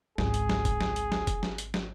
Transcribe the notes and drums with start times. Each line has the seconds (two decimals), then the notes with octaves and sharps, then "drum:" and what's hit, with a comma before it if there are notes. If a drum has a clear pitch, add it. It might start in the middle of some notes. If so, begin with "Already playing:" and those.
0.18 G#1 C#2 G#4, drum: snare
0.34 drum: hi-hat
0.49 drum: snare
0.65 drum: kick F1, hi-hat
0.81 drum: snare
0.96 drum: hi-hat
1.12 drum: snare
1.27 drum: kick F1, hi-hat
1.43 drum: snare
1.58 drum: hi-hat
1.74 drum: snare